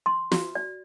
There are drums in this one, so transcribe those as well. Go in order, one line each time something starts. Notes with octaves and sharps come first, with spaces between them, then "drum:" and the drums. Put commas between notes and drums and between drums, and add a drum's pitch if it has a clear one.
C6
F#4, drum: snare
D5